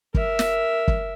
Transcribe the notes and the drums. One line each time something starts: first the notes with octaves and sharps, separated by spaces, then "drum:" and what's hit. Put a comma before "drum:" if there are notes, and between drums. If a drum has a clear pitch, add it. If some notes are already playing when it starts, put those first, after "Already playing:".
A#4 E5, drum: kick F#1
drum: snare
drum: kick F#1